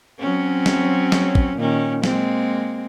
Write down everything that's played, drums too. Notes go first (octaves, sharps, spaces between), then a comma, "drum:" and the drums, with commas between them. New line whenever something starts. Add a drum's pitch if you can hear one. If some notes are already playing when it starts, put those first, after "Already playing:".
F#3 C4 C#4
drum: snare
drum: snare
drum: kick
A#2 D#3 C#4
G#3 A#3 C4, drum: snare